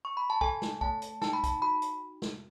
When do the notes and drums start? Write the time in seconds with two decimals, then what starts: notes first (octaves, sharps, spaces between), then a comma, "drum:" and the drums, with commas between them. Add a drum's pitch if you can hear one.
0.05 C#6
0.17 B5
0.30 A5
0.41 A4 G#5, drum: kick
0.62 drum: snare
0.81 A3 A5, drum: kick
1.02 drum: hi-hat
1.22 D#4 A5, drum: snare
1.33 B5
1.44 A5, drum: kick, hi-hat
1.62 F#4 B5
1.82 drum: hi-hat
2.22 drum: snare